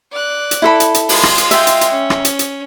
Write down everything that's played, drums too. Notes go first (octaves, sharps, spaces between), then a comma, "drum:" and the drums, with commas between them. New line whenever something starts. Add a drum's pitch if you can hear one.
D5 F#6
drum: hi-hat
E4 A4 B5
drum: hi-hat
drum: hi-hat
G#3 F4, drum: open hi-hat
drum: rim click
drum: hi-hat
E5 G5, drum: hi-hat
drum: hi-hat
drum: hi-hat
C#4
drum: rim click
drum: hi-hat
drum: hi-hat